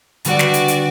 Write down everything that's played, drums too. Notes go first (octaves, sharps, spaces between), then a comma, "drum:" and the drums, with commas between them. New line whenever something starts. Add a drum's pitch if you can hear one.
D3 G3 B3 F#4 D5, drum: hi-hat
drum: snare
drum: hi-hat
drum: hi-hat